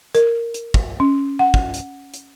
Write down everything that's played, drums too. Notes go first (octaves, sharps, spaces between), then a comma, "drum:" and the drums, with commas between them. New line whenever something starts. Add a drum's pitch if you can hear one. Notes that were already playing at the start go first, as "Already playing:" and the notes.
A#4, drum: hi-hat
drum: hi-hat
drum: kick
C#4
F#5
drum: kick
drum: hi-hat
drum: hi-hat